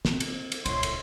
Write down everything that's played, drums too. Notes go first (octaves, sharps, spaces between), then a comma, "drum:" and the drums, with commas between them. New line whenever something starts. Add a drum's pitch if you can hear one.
C4, drum: snare
drum: cymbal
drum: cymbal
D#1 C#2 C#5 E5 C6, drum: cymbal
drum: cymbal